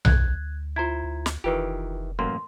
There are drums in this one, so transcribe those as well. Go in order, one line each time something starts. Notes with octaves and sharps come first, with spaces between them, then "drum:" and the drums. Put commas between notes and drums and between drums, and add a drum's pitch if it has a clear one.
D2 F#6 G#6, drum: tom B1
E4 F4 C5 A#5 G#6
D2
drum: snare
F1 D#3 E3 F4 G4 B4
A1 F#2 A#3 C6